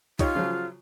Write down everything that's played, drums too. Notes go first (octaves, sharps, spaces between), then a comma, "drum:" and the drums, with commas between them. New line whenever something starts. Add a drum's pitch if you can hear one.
D#4 F4 G4 C#5, drum: kick, hi-hat
C#3 F3 F#3